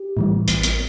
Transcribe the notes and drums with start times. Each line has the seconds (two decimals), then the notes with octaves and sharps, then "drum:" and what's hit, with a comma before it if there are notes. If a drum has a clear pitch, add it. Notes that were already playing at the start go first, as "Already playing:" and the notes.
Already playing: G4
0.17 A2 E3 G3
0.48 A1, drum: hi-hat
0.63 drum: hi-hat